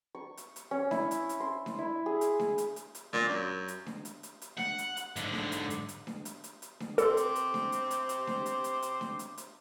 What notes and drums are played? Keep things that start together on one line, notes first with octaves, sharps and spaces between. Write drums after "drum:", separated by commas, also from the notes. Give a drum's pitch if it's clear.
C#6
drum: hi-hat
drum: hi-hat
C#4
E4, drum: snare D4
drum: hi-hat
drum: hi-hat
C6
drum: snare D4
E4
G#4
drum: hi-hat
drum: snare D4
drum: hi-hat
drum: hi-hat
drum: hi-hat
A#2, drum: snare D4
F#2
drum: hi-hat
drum: snare D4
drum: hi-hat
drum: hi-hat
drum: hi-hat
F#5, drum: snare D4
drum: hi-hat
drum: hi-hat
G#2 D3, drum: hi-hat
drum: snare D4
drum: hi-hat
drum: hi-hat
drum: hi-hat
drum: snare D4
drum: hi-hat
drum: hi-hat
drum: hi-hat
drum: snare D4
C4 A4 C5 D6, drum: hi-hat
drum: hi-hat
drum: hi-hat
drum: snare D4
drum: hi-hat
drum: hi-hat
drum: hi-hat
drum: snare D4
drum: hi-hat
drum: hi-hat
drum: hi-hat
drum: snare D4
drum: hi-hat
drum: hi-hat